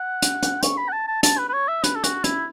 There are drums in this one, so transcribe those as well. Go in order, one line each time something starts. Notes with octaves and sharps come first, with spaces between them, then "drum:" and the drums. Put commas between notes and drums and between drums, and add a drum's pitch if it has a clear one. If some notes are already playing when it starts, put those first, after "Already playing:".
Already playing: F#5
drum: hi-hat
drum: hi-hat
C#6, drum: hi-hat
B5
F#5
A5
A5
A5, drum: hi-hat
B4
B4
C#5
E5
B4, drum: hi-hat
A4
F#4, drum: hi-hat
E4, drum: hi-hat